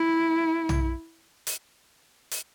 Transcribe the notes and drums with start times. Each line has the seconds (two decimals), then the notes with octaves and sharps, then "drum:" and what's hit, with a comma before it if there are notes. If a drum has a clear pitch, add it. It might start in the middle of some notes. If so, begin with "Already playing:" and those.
Already playing: E4
0.69 drum: tom
1.47 drum: hi-hat
2.31 drum: hi-hat